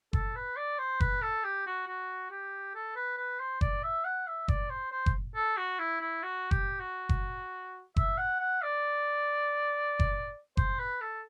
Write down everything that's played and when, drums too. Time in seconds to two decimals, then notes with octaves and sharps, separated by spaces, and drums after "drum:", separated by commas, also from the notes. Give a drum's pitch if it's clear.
0.13 A4, drum: kick F#1
0.35 B4
0.57 D5
0.78 C5
1.00 B4, drum: kick F#1
1.22 A4
1.44 G4
1.66 F#4
1.87 F#4
2.31 G4
2.75 A4
2.96 B4
3.17 B4
3.39 C5
3.61 D5, drum: kick F#1
3.83 E5
4.05 F#5
4.27 E5
4.48 D5, drum: kick F#1
4.70 C5
4.92 C5
5.06 drum: kick F#1
5.35 A4
5.57 F#4
5.79 E4
6.00 E4
6.23 F#4
6.51 G4, drum: kick F#1
6.80 F#4
7.09 drum: kick F#1
7.96 E5, drum: kick F#1
8.18 F#5
8.39 F#5
8.62 D5
9.99 drum: kick F#1
10.57 C5, drum: kick F#1
10.79 B4
11.01 A4